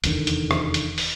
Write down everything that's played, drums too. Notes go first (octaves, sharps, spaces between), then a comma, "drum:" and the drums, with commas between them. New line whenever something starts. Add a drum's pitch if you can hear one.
F1 E2 D3 D#3, drum: hi-hat
drum: hi-hat
drum: rim click
drum: hi-hat
drum: open hi-hat